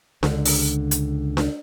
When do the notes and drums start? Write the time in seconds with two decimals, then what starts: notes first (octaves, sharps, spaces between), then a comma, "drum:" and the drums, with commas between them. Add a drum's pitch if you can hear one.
0.23 C#2 D3, drum: snare D4
0.46 drum: open hi-hat
0.91 drum: hi-hat
1.37 drum: snare D4